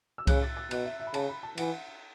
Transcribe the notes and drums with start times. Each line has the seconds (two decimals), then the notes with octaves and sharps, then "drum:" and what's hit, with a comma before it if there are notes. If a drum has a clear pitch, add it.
0.18 E6
0.27 C#3 F#6, drum: kick C2, cymbal
0.43 A6
0.57 A6
0.71 B2 F#6, drum: cymbal
0.85 E5
1.00 E5
1.07 B5
1.14 C#3 A5, drum: cymbal
1.29 B5
1.43 A5
1.58 E3 F#5, drum: cymbal